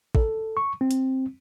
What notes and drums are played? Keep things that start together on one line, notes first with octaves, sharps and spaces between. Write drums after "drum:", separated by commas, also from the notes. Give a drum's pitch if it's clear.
A4, drum: kick
C#6
C4
drum: hi-hat